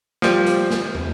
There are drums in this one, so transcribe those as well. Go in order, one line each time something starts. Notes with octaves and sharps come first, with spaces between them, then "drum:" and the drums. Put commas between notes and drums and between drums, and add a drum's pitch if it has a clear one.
F3 G3, drum: snare
drum: hi-hat
drum: snare
drum: tom